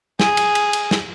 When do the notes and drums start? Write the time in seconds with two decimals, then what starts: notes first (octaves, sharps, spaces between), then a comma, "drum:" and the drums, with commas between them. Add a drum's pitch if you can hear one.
0.20 G#4, drum: snare
0.37 drum: cymbal
0.55 drum: cymbal
0.73 drum: cymbal
0.91 drum: snare